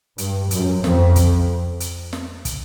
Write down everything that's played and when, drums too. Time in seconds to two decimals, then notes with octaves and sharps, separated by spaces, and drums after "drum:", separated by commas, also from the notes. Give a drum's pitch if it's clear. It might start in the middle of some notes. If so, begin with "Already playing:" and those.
0.18 G2, drum: hi-hat
0.51 F#2, drum: hi-hat
0.84 F2, drum: snare
1.16 drum: kick, hi-hat
1.80 drum: hi-hat
2.13 drum: snare
2.45 drum: kick, hi-hat